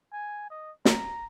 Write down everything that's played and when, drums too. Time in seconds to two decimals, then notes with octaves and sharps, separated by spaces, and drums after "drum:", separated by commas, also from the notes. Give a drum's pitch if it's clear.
0.13 G#5
0.50 D#5
0.85 A#5, drum: snare